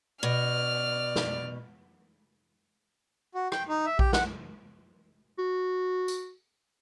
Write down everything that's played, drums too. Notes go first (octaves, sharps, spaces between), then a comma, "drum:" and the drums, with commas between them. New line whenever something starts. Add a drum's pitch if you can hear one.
B2 D5 F6
drum: snare
F#4
G5, drum: rim click
D#4
E5
G4, drum: kick A#1
F#5, drum: snare
F#4
drum: tambourine